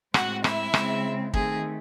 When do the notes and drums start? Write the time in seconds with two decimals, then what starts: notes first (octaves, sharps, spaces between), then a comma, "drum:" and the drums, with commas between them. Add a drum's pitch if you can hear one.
0.14 A2 G#3 C4 F#4 F#5, drum: rim click
0.44 E4 E5, drum: rim click
0.74 C#3 G#3 C4, drum: rim click
1.34 D#3 A3 C4 G#4, drum: kick